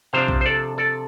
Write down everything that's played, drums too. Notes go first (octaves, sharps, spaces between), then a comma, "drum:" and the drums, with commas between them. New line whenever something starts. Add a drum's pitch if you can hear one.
C3 F3 D4 C5 F5
drum: kick A#1
C5
A4 D5
A4 D5